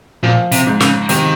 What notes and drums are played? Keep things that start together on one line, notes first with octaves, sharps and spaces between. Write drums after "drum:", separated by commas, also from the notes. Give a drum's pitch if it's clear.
A#2 F3
C3, drum: hi-hat
G#2
C#3, drum: snare
C3 D#3, drum: hi-hat